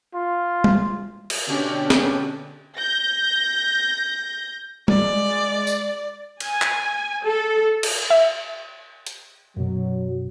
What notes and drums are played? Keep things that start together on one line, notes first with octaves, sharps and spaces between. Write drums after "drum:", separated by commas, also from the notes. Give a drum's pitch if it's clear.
F4
drum: tom G3
drum: cymbal
B2 D3 C#4 D4 G4
drum: snare
G6 A#6
G#3 D5, drum: tom G3
drum: tambourine
G#5, drum: cymbal
drum: clap
A4
drum: cymbal
E5
drum: hi-hat
F#2 B2 F#3